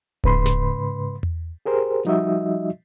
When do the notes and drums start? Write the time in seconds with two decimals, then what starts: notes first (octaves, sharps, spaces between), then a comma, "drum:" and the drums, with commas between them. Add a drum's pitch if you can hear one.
0.24 G#2 C#3 B4 B5 C6, drum: kick D#1
0.46 drum: snare
1.23 drum: tom E2
1.66 G4 G#4 A#4 C5
2.05 F3 G3 D#4 F#4 D#5 E5, drum: hi-hat